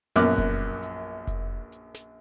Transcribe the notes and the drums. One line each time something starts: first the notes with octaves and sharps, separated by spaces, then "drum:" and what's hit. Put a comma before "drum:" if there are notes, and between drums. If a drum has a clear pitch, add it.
A#1 F#2 B3 D6 F6 F#6, drum: snare
drum: kick F1, hi-hat
drum: hi-hat
drum: kick F1, hi-hat
drum: hi-hat
drum: snare